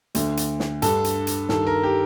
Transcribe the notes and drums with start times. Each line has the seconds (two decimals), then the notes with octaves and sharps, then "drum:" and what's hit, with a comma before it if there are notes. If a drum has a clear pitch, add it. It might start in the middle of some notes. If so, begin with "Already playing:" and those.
0.15 D2 D3, drum: hi-hat
0.37 drum: hi-hat
0.60 drum: snare
0.82 G2 D3 A4, drum: hi-hat
1.04 drum: hi-hat
1.27 drum: hi-hat
1.49 G2 D#3 A4, drum: snare
1.67 A#4
1.83 G4